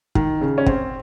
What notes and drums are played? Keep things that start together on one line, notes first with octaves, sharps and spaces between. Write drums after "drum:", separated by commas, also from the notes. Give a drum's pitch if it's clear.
D#3, drum: kick
C#3
C#4
C4, drum: kick